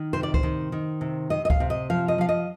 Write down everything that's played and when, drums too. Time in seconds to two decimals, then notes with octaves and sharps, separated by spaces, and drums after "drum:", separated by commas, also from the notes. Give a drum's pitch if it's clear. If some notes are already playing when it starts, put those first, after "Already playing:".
Already playing: D#3
0.13 C3 C5
0.23 D5
0.34 C5, drum: kick C#2
0.43 D#3
0.72 D#3
1.01 C3
1.30 C3 D#5
1.45 D#5
1.50 F5, drum: kick C#2
1.60 C3
1.70 D#5
1.90 F3 F5
2.08 D#5
2.18 F3 F5
2.29 D#5